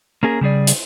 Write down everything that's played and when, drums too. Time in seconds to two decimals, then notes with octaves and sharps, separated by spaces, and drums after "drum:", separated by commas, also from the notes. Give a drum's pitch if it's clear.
0.23 A#3 C#4 G#4 A#4
0.41 C#3 G3 G#4 D5
0.67 drum: hi-hat